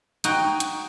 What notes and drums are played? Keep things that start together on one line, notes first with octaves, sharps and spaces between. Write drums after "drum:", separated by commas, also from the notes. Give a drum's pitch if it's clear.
D#4 F#4 G5, drum: hi-hat
drum: hi-hat